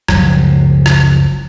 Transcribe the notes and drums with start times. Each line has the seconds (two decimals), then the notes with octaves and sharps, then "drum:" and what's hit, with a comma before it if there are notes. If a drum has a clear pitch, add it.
0.08 F#1 C#2 F3 F#3, drum: rim click
0.86 drum: rim click